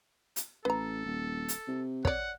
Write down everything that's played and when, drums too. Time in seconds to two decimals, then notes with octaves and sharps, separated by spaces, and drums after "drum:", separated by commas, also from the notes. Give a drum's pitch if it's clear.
0.36 drum: hi-hat
0.65 A1 A4 B4 A#5
1.06 D#1
1.49 drum: hi-hat
1.67 C3
2.05 C#5 D5 F#5, drum: kick